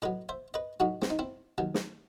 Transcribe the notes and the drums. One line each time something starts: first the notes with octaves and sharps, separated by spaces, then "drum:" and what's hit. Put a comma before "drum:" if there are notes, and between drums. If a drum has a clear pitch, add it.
A2 F#3 B4 D#5
C5 E5
B4 D#5
A2 F#3 D#4 F#4
C4, drum: snare
D#4
C4 E4
D#2 D#3 F#3
drum: snare